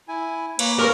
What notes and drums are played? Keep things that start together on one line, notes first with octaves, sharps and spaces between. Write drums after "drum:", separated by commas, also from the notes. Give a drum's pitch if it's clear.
E4 G#5
A#3 B4 C#5, drum: cymbal
G#2 A#4 B4 C#6 D6 E6